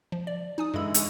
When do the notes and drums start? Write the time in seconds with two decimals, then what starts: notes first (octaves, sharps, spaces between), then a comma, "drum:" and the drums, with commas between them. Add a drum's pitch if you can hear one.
0.12 F3
0.27 D5
0.58 D#4 G#5 D#6
0.74 G2 D3 E3 G#3 B5
0.94 G#3 C#4 C#5, drum: hi-hat